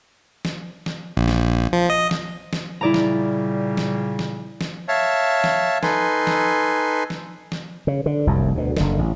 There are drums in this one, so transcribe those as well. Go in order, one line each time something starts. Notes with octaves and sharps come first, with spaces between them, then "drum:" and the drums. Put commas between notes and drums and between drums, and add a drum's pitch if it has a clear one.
drum: snare
drum: snare
A#1
drum: snare
F3
D#5
drum: snare
drum: snare
A#2 C#3 G3 E4 D5 A#5
drum: snare
drum: snare
drum: snare
drum: snare
C#5 E5 F5 A5
drum: snare
D#4 A4 B4 G#5 C6, drum: snare
drum: snare
drum: snare
drum: snare
C#3
D3
F1 C2 F#2
D2 B2
F#1 D3, drum: snare
A1